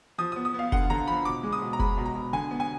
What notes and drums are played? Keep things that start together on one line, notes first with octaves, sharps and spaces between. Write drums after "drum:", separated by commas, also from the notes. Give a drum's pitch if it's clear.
F3 D#6
D#6
B3
D#6
B3 F5
D3 F#5, drum: kick
D3 A#5
F3 B5
B2 D6
G#3
D#6
B2
A#5
G#3 B5, drum: kick
B2
A#5
B2
D3 G#5
B3
G#5